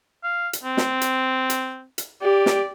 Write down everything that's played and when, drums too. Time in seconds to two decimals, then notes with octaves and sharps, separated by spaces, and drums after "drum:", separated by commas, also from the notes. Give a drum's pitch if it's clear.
0.24 F5
0.53 drum: hi-hat
0.64 C4
0.77 drum: snare
1.01 drum: hi-hat
1.50 drum: hi-hat
1.98 drum: hi-hat
2.22 G4 D5
2.46 drum: snare